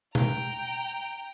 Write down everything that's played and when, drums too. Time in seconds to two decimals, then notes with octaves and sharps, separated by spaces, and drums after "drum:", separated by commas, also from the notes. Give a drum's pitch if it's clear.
0.15 G5 A#5, drum: tom B2